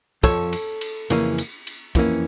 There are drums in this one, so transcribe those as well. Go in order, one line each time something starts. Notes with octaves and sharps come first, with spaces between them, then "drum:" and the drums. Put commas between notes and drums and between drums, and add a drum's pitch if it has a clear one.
F2 C#3 F3 A4 C#5, drum: kick, cymbal
drum: cymbal
drum: cymbal
F2 C#3 E3 A#3 C#4, drum: cymbal
drum: cymbal
drum: cymbal
F2 E3 A#3 C#4, drum: kick, cymbal